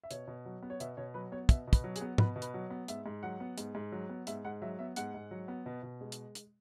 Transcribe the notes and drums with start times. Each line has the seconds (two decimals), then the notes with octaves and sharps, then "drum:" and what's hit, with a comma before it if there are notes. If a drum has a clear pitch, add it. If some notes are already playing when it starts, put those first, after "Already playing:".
0.04 E5
0.11 B2 C#5, drum: hi-hat
0.27 B2
0.46 F#3
0.63 B3
0.70 C#5
0.80 B2 E5, drum: hi-hat
0.97 B2 C#5
1.14 F#3 B4
1.32 B3 C#5
1.49 B2 E5, drum: kick, hi-hat
1.67 B2
1.73 B4, drum: kick, hi-hat
1.84 F#3
1.96 G#4, drum: hi-hat
2.01 B3
2.18 B2 B4, drum: tom
2.36 B2
2.42 B4, drum: hi-hat
2.54 F#3
2.70 B3
2.88 G#2 E5, drum: hi-hat
3.06 G#2
3.23 F#3 F#5
3.40 B3
3.58 G#2, drum: hi-hat
3.75 G#2
3.92 F#3
4.09 B3
4.27 G#2 E5, drum: hi-hat
4.45 G#2 F#5
4.62 F#3 E5
4.79 B3 E5
4.96 G#2 F#5, drum: hi-hat
5.14 G#2
5.31 F#3
5.48 B3
5.66 B2
5.83 B2
6.01 G#3
6.12 drum: hi-hat
6.35 drum: hi-hat